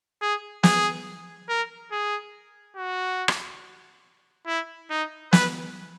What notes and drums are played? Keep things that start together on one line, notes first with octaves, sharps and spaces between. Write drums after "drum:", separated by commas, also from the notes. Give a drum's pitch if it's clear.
G#4
G#4, drum: snare
A#4
G#4
F#4
drum: rim click
E4
D#4
B4, drum: snare